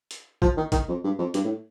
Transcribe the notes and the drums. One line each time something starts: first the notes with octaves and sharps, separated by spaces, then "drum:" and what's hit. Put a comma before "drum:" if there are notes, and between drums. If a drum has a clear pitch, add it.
drum: hi-hat
F3, drum: kick
D#3
D#3, drum: kick, hi-hat
F2
G2
F2
G2, drum: hi-hat
A2